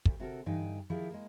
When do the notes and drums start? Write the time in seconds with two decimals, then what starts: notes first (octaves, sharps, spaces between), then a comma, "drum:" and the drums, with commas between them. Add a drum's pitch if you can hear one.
0.05 D2 G4, drum: kick
0.20 C3 F#4 A4 A#4
0.46 G2 D3 E3 D#4 G5 G#5
0.90 D#3 F3 E4 G4 G#4
1.10 G#3 A#3